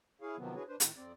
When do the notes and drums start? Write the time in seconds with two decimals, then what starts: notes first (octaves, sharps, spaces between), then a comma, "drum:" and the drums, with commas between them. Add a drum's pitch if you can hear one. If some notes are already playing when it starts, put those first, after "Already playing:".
0.21 E4 G#4 C#5 F5
0.37 C3 D#3 F3 F#3 B3
0.55 D4 E4 F#4 G#4 B4 C#5
0.68 D4 B4 C5
0.80 A2 D#3, drum: hi-hat
0.96 F2 C4 D5